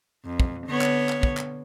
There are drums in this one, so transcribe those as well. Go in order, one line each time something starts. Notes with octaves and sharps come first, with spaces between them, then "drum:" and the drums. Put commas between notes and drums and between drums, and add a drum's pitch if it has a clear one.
F2
drum: kick
D3 B3 C#5
drum: clap
drum: clap
drum: kick
drum: clap